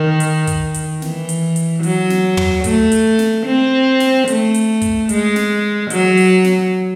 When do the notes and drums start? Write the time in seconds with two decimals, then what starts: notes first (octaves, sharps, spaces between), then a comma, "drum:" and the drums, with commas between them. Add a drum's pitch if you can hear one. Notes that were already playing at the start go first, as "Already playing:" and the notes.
Already playing: D#3
0.20 drum: hi-hat
0.47 drum: kick, hi-hat
0.74 drum: hi-hat
1.02 E3, drum: snare
1.29 drum: hi-hat
1.56 drum: hi-hat
1.83 F#3, drum: open hi-hat
2.10 drum: snare
2.37 drum: tom
2.64 A3, drum: kick, hi-hat
2.92 drum: hi-hat
3.19 drum: snare
3.46 C4
4.00 drum: snare
4.27 A3, drum: hi-hat
4.54 drum: hi-hat
4.82 drum: kick, hi-hat
5.09 G#3, drum: hi-hat
5.36 drum: snare
5.90 F#3, drum: hi-hat
6.17 drum: open hi-hat
6.44 drum: snare